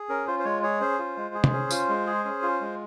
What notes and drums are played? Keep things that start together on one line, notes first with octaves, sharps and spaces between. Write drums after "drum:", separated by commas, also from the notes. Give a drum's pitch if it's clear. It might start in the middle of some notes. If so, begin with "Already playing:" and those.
Already playing: G#4
C#4 A#4
F4 C5
C5
G#3 C#5
G#4 C#5
C#4 C5
F4
G#3
G#4
drum: tom C3
C#4
F4, drum: tambourine
G#3
G#4
C#4
F4
G#3